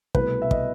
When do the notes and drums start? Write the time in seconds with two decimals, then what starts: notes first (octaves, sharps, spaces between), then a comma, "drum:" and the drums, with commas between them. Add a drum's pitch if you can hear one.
0.15 C2 B2 A3 B4, drum: kick
0.42 E5
0.51 D#5, drum: kick